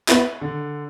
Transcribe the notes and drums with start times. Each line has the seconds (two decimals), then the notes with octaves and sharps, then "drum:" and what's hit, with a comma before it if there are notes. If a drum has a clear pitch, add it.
0.09 B3 E4, drum: clap
0.41 D3